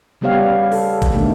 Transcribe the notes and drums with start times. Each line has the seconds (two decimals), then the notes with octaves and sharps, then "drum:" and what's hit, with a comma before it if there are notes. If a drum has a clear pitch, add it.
0.21 C#3 G3 B3 G4 C#5 F5
0.72 A4, drum: open hi-hat
1.02 drum: kick A1, hi-hat
1.12 B2 D3 D#3 A3